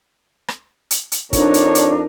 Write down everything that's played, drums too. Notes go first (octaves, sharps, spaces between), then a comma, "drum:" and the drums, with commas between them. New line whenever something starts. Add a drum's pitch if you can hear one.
drum: rim click
drum: hi-hat
drum: hi-hat
F2 D4 D#4 A#4 C#5, drum: kick, hi-hat
drum: hi-hat
drum: hi-hat